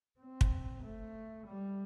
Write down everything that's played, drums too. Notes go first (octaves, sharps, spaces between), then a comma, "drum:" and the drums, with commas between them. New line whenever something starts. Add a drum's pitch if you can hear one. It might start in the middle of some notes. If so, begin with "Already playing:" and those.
C4
drum: kick
A3
G3